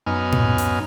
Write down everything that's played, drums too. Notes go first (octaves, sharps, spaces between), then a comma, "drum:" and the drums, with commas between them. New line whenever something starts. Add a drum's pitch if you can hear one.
F#2 B3 D#4 G#5 F6
drum: tom A2
drum: hi-hat